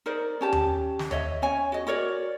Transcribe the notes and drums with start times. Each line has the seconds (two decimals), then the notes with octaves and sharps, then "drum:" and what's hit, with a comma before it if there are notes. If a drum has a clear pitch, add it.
0.06 D#4 A#4 C5 D5
0.41 C#4 G4 A5
0.52 drum: tom D#2
0.99 drum: snare
1.11 C#5 D#5 E5, drum: tom D#2
1.42 C#4 C#5 G#5
1.72 F#4 D#5
1.87 F#4 A#4 C#5 D5